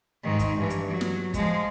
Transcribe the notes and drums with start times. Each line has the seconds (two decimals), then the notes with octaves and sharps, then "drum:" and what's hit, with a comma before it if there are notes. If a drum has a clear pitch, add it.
0.24 G#2 D#3
0.39 drum: kick, hi-hat
0.57 G2 E3
0.70 drum: hi-hat
0.89 F#3
1.01 drum: snare
1.34 F3 G#3, drum: kick, hi-hat